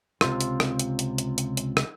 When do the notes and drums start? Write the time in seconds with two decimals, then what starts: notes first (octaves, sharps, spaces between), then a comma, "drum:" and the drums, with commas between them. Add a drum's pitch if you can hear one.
0.21 C#2 C3 C4 F4 C6, drum: rim click
0.41 drum: hi-hat
0.60 drum: rim click
0.79 drum: hi-hat
0.99 drum: hi-hat
1.18 drum: hi-hat
1.38 drum: hi-hat
1.57 drum: hi-hat
1.77 drum: rim click